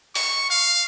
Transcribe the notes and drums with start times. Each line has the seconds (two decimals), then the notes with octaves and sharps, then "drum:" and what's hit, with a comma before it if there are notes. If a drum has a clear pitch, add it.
0.15 C#6, drum: open hi-hat
0.50 F5